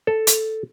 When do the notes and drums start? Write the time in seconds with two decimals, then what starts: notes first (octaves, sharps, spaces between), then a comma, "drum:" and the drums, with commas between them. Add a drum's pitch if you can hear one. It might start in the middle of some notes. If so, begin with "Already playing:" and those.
0.07 A4
0.27 drum: hi-hat